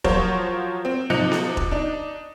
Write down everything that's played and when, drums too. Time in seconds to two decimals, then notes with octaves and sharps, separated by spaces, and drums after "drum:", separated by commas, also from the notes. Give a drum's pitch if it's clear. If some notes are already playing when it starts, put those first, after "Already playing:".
0.04 F3 F#3 F4 A#4 C5 C#5, drum: kick E1
0.85 C4
1.10 C3 F3 D#4 F#6 C#7 F7
1.32 drum: snare B3
1.57 drum: kick E1
1.71 D4 D#4